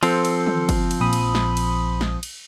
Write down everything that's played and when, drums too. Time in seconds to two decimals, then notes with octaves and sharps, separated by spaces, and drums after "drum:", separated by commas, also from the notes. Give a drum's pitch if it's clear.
0.03 F3 C4 A4, drum: cymbal
0.25 drum: cymbal
0.47 drum: tom
0.69 drum: kick, cymbal
0.91 drum: cymbal
1.00 A#1 B5 D#6
1.13 drum: cymbal
1.35 drum: snare
1.57 drum: cymbal
2.01 drum: snare
2.23 drum: cymbal